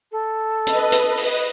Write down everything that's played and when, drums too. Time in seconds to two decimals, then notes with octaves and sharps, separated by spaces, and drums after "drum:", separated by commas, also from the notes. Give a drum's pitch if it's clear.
0.12 A4
0.67 B4 D#5, drum: hi-hat
0.92 drum: hi-hat
1.17 drum: open hi-hat